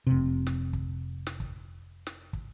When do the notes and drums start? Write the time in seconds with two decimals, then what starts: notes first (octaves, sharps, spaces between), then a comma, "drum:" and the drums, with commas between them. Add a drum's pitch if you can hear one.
0.07 F1 C3
0.47 drum: snare
0.73 drum: kick
1.27 drum: snare
1.40 drum: kick
2.07 drum: snare
2.33 drum: kick